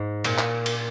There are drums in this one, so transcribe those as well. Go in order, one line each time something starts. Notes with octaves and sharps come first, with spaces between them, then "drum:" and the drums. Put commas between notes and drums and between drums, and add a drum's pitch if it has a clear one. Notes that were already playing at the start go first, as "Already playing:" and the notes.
Already playing: G#2
A#2, drum: cymbal
drum: clap
drum: cymbal